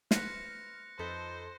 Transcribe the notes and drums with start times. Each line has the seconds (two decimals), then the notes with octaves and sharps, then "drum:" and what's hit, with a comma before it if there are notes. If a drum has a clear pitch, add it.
0.11 B4 C5 F6 F#6 A#6 C#7, drum: snare
0.99 F2 D#4 A4 B4 C5 G6